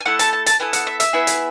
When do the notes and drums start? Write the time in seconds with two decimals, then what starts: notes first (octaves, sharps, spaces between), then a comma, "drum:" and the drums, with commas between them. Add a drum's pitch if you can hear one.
0.01 G#5
0.06 A3 E4 A4 F#5
0.19 A5, drum: hi-hat
0.33 A5
0.46 A5, drum: hi-hat
0.60 B3 E4 A4 G#5
0.73 F#5, drum: hi-hat
0.87 E5
1.00 E5, drum: hi-hat
1.13 B3 E4 G#4
1.27 drum: hi-hat